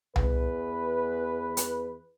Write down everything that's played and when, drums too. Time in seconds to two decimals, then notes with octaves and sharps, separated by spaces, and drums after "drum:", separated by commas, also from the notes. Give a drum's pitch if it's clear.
0.16 E2 B4, drum: tom C2
1.57 drum: hi-hat